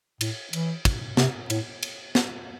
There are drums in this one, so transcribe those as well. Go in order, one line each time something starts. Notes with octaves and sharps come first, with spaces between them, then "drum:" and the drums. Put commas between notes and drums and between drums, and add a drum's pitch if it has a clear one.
A2, drum: cymbal
E3, drum: cymbal
drum: kick, cymbal
C3, drum: snare
A2, drum: cymbal
drum: cymbal
drum: snare